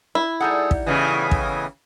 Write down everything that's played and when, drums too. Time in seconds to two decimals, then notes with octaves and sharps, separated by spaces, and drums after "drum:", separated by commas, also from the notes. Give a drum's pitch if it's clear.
0.15 E4
0.40 G3 D#4 G#4 A4 F#5
0.71 drum: kick
0.86 A2 C#3 E3 B3 D#5 G#5
1.31 drum: kick